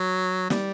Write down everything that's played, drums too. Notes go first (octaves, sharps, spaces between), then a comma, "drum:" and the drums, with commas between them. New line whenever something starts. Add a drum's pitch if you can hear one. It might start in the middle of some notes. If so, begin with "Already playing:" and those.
Already playing: F#3
G3, drum: snare